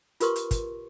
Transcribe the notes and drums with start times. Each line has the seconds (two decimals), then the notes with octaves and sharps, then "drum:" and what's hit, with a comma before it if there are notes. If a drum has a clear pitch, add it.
0.20 F4 G4 A#4 B4 C6 C#6, drum: hi-hat
0.36 drum: hi-hat
0.51 drum: kick, hi-hat